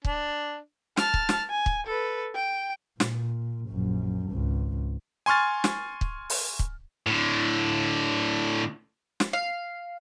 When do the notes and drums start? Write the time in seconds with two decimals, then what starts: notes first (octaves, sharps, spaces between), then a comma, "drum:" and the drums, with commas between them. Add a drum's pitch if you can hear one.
0.05 D4, drum: kick
0.97 A5 F6, drum: snare
1.14 drum: kick
1.29 drum: snare
1.50 G#5
1.66 drum: kick
1.87 A4 B4
2.35 G5
3.00 A#2, drum: snare
3.69 A#1 F#2
4.27 G#1 C#2
5.26 G#5 C6 C#6 F6 A6
5.64 drum: snare
6.01 drum: kick
6.30 drum: open hi-hat
6.59 drum: kick
7.07 A2 D3
9.20 drum: snare
9.33 F5